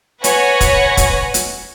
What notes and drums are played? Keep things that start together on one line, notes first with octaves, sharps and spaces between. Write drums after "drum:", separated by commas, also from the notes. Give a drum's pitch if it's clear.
B4 C#5 F#5 G#5 A#6, drum: hi-hat
drum: kick, hi-hat
drum: kick, hi-hat
drum: hi-hat